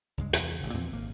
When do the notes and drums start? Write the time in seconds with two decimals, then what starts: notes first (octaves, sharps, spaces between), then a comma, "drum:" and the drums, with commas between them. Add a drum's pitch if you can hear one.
0.18 C#2 G2 G#3
0.33 E2 C3, drum: hi-hat
0.60 A1 C#3
0.74 E2 A#2 F3 C4
0.92 G#1 A#3